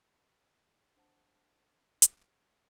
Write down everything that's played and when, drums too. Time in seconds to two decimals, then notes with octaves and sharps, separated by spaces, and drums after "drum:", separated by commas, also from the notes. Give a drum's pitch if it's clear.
0.96 D4 C5 F#5 A5
2.02 drum: hi-hat